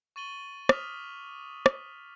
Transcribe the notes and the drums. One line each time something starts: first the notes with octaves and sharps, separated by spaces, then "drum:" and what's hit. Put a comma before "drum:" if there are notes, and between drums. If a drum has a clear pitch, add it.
C#6 A6 D#7 F#7 G7
D6 D#6 F6 B6 F7, drum: rim click
drum: rim click